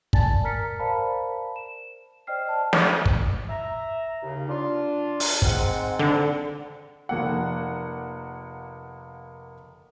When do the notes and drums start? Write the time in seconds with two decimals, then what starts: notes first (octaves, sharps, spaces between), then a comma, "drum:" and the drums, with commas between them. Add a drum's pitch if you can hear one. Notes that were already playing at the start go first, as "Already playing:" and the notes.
0.13 D5 G#5 A5 A6, drum: kick
0.43 A#4 A#5 F6 B6 C#7
0.79 A#4 C5 D5 F5 A5 B5
1.56 E7
2.27 C5 D5 D#5 G5 F6 C7
2.47 D5 A5 F6
2.73 drum: snare
3.06 drum: kick
3.49 E5 A#5
4.23 D#2 C#3
4.49 D4 F4
5.20 drum: open hi-hat
5.42 G#2 C4 F#5, drum: kick
5.99 D3
7.09 F1 A#3 F#5